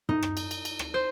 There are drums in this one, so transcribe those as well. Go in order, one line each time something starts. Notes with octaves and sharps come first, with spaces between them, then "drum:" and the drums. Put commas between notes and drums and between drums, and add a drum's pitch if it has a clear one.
D#4, drum: tom
drum: rim click
drum: cymbal
drum: cymbal
drum: cymbal
drum: rim click
C5